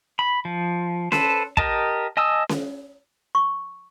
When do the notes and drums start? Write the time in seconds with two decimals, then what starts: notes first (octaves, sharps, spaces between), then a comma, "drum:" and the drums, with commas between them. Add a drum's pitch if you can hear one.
0.19 B5
0.45 F3
1.12 A4 B4 C5, drum: snare C#4
1.57 G4 A#4 D#5 A5, drum: kick
2.17 D#5 G#5 A5 D#6 E6
2.49 drum: snare C#4
3.35 C#6